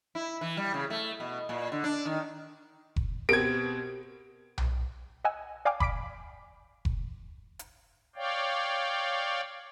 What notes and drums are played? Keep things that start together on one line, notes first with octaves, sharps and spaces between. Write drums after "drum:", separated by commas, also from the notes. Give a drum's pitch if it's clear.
E4
E3
G3
C#3
A3
B2
A#2
D3
D4
D#3
drum: kick F1
B2 B3 C4 G4 A#4 G#6 D7
drum: tom B1
D#5 F#5 G#5 E6
D5 F5 G5 G#5 D6 F6
B5 D6 B6 D7, drum: kick F1
drum: kick F1
drum: hi-hat
C#5 D5 F5 G5